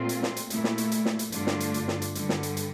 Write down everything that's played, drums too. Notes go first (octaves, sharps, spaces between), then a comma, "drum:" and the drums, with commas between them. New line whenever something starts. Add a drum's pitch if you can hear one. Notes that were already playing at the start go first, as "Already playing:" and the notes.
Already playing: A#2 A3 C4 F4
drum: hi-hat
drum: snare
drum: hi-hat
A#2 A3 E4, drum: hi-hat
drum: snare
drum: hi-hat
drum: hi-hat
drum: snare
drum: hi-hat
G2 D3 A3 D4 F4, drum: hi-hat
drum: snare
drum: hi-hat
drum: hi-hat
drum: snare
drum: hi-hat
G2 D3 G3, drum: hi-hat
drum: snare
drum: hi-hat
drum: hi-hat